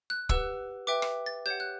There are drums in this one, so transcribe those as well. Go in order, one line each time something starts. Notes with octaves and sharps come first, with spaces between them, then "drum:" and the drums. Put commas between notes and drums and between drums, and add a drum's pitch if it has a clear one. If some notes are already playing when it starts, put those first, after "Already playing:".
F#6
G4 B4 F#5 E6, drum: kick
B4 E5 G5 D6
drum: rim click
A6
G4 C#5 F#5 G6
F#6